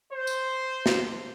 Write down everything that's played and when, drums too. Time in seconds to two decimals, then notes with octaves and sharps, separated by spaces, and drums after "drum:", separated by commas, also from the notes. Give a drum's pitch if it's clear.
0.12 C5
0.27 drum: tambourine
0.86 drum: snare